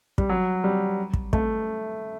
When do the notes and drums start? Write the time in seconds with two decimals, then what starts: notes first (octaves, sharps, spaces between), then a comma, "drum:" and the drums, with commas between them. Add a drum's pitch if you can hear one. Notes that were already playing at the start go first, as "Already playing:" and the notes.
0.18 G3, drum: kick
0.29 F#3
0.64 G3
1.13 drum: kick
1.33 A3, drum: kick